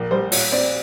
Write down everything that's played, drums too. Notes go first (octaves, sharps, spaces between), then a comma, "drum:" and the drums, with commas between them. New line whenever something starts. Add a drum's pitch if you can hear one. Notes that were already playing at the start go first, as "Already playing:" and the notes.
Already playing: A#1 A#4
G3 C5
A#2 C#5, drum: open hi-hat
C4 D5